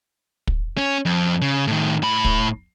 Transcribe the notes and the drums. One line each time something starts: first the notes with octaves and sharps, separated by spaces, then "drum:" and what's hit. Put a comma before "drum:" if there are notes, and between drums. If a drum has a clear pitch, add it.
drum: kick
C#4
F2
C#3
A2 D#3
A2 B5
drum: kick